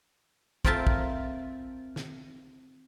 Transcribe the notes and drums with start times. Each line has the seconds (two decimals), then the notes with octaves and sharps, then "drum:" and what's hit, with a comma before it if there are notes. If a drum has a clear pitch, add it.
0.65 C4 F4 A#4 C5 E5 A5, drum: kick
0.87 drum: kick
1.96 drum: snare